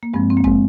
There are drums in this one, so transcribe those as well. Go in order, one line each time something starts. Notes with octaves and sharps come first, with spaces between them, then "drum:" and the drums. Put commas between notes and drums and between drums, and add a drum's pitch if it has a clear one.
A#3
G2 F3 G#3 C4
C4
A#3
G#3 C4, drum: kick G#1